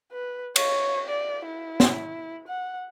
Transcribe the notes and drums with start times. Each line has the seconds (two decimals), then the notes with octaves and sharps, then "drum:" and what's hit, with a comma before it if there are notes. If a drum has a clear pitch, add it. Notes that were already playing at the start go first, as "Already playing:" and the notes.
0.12 B4
0.56 C#5, drum: cymbal
1.09 D5
1.44 E4
1.80 drum: snare
2.48 F#5